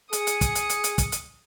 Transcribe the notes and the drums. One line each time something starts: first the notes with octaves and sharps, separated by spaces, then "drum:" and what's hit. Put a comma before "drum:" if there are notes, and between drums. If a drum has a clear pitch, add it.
G#4 D#6 C#7, drum: hi-hat
drum: hi-hat
drum: kick, hi-hat
drum: hi-hat
drum: hi-hat
drum: hi-hat
drum: kick, hi-hat
drum: hi-hat